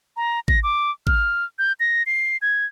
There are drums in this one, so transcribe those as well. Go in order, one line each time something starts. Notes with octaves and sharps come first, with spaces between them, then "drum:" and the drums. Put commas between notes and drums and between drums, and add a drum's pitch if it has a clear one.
A#5
A#6, drum: kick A1
D6
F6, drum: kick A1
G6
A#6
C7
G#6